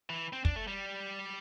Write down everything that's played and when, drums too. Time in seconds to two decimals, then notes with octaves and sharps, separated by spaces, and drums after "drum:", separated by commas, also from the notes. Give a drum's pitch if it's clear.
0.10 E3
0.33 C4
0.45 D4, drum: kick
0.56 A3
0.68 G3